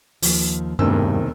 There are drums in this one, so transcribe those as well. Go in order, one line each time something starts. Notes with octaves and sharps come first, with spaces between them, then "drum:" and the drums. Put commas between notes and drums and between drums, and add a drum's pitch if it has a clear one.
D#2 F3, drum: open hi-hat
E1 D2 G2 C3 D#3 C4 E6